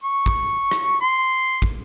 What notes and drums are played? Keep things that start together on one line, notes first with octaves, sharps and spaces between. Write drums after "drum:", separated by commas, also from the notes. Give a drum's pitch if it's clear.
C#6
drum: kick
drum: rim click
C6
drum: kick